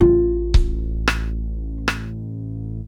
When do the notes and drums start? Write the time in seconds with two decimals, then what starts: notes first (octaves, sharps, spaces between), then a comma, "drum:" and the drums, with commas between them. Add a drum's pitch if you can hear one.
0.01 A1 F4
0.54 drum: kick C#1
1.08 drum: rim click
1.88 drum: rim click